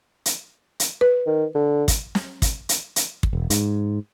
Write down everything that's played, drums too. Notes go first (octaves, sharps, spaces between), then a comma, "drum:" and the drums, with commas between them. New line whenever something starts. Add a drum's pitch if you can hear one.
drum: hi-hat
drum: hi-hat
B4
D#3
D3
drum: kick, hi-hat
drum: snare
drum: kick, hi-hat
drum: hi-hat
drum: hi-hat
drum: kick
E1
G#2, drum: hi-hat